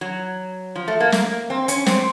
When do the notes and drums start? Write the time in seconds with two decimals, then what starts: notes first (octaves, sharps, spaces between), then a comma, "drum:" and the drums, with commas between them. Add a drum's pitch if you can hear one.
0.01 F#3
0.76 F3
0.88 A3
1.00 A#3
1.12 A#3, drum: snare
1.50 C4
1.68 C#4, drum: hi-hat
1.86 C4, drum: snare